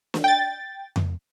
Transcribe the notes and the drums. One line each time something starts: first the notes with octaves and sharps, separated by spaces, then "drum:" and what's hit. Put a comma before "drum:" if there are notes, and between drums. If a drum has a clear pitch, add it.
drum: snare
G5 A6
drum: tom F2